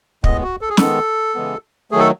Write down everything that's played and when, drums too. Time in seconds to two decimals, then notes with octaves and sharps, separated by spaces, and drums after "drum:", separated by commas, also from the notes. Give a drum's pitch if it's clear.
0.24 A2 G#3 B3 D#5, drum: kick
0.43 F#4
0.61 A4
0.69 G#4
0.77 D#3 G#3 B3 A4, drum: snare
1.35 C#3 E3 G#3 B3
1.91 D#3 F#3 A3 G#4
2.00 A4